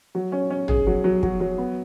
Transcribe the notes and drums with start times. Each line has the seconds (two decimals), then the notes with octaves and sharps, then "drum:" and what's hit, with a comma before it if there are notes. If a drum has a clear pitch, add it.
0.15 F#3
0.32 C#4
0.50 C#4
0.68 G#4, drum: tom
0.87 F#3
1.04 F#3
1.23 F#3, drum: kick
1.40 F#3
1.58 B3